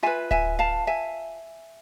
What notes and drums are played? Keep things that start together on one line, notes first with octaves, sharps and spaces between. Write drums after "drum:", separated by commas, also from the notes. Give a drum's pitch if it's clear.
F4 B4 E5 G#5
E5 G#5, drum: kick D1
F5 A5
E5 G#5